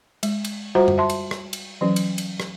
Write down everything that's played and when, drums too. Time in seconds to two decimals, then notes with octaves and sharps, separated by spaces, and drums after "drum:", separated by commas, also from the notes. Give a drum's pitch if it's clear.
0.23 G#3, drum: cymbal
0.45 drum: cymbal
0.75 G3 F4 F#4 C5 F#5 A#5
0.88 drum: tom F#2
0.98 E5 A5 C6
1.10 drum: cymbal
1.31 drum: rim click
1.53 drum: cymbal
1.81 E3 F#3 C#4
1.96 drum: cymbal
2.18 drum: cymbal
2.40 drum: rim click